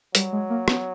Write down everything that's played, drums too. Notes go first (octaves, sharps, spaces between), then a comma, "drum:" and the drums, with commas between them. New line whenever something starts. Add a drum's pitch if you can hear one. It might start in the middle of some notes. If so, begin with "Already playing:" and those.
F#3 G3, drum: hi-hat
G#3
A#3
B3, drum: rim click